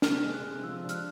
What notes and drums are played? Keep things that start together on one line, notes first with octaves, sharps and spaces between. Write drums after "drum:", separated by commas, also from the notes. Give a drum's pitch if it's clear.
C3 F6, drum: snare
G#3
F#6
C3
F3 E6
D4
F6, drum: hi-hat
F#6